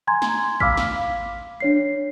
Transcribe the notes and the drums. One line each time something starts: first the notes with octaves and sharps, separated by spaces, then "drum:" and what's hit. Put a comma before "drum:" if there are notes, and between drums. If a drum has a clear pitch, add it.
G#5 A#5 C6 G#6
drum: snare
F5 B5 D6 E6 F6 B6, drum: kick A1
drum: snare
D4 C#5 C7